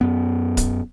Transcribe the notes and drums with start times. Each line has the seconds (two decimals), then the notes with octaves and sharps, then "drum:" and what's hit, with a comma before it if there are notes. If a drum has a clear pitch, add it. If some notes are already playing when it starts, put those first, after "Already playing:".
0.01 F#2 B3
0.57 drum: kick C#1, hi-hat